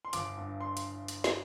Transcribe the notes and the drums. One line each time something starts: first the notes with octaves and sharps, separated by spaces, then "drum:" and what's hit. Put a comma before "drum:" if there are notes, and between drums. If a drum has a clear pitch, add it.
C6
G1 D6, drum: hi-hat
G2
C6
drum: hi-hat
drum: hi-hat
drum: snare